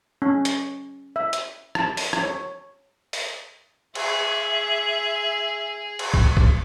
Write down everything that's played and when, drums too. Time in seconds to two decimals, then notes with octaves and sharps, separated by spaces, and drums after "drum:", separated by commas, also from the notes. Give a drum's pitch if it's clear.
0.22 C#4
0.45 drum: hi-hat
1.16 E5
1.33 drum: hi-hat
1.75 A5, drum: rim click
1.97 drum: open hi-hat
2.13 drum: rim click
2.23 C#5
3.13 drum: open hi-hat
3.95 G#4 E5, drum: cymbal
5.99 drum: cymbal
6.14 drum: kick
6.37 drum: kick